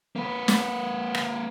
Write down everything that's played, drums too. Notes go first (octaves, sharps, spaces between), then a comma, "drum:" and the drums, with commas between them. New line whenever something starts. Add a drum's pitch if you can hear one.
A#3 B4
drum: snare
drum: rim click